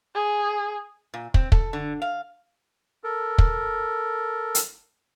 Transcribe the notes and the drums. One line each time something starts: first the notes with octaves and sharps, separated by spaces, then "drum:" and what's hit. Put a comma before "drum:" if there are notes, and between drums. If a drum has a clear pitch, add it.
G#4
A#2
C4, drum: kick
A4, drum: kick
D3
F5
A4 A#4
drum: kick
drum: hi-hat